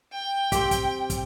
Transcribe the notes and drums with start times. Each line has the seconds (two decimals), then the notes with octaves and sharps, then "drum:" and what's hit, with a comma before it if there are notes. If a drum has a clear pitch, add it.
0.13 G5
0.52 C4 G4, drum: kick, hi-hat
0.71 drum: kick, hi-hat
1.10 drum: kick, hi-hat